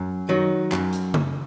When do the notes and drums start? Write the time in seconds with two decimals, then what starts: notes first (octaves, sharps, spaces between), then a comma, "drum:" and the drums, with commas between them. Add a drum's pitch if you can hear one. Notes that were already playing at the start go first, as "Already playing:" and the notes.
Already playing: F#2
0.29 D#3 F#3 D#4
0.72 F#2, drum: clap
0.93 drum: hi-hat
1.14 drum: tom C#3